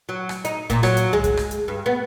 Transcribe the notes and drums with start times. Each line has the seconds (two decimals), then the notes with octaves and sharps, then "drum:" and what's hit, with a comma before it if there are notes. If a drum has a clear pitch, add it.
0.09 F#3
0.29 drum: rim click
0.45 D#4, drum: hi-hat
0.70 A#2, drum: kick, hi-hat
0.83 F#3, drum: rim click
0.97 drum: hi-hat
1.13 G#3, drum: tom C2
1.24 drum: kick, hi-hat
1.37 drum: rim click
1.51 drum: hi-hat
1.68 G2
1.86 B3